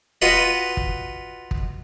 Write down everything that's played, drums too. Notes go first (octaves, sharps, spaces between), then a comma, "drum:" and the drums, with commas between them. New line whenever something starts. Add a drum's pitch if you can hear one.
F4 F#4 B4 D#5 B5
drum: kick
drum: kick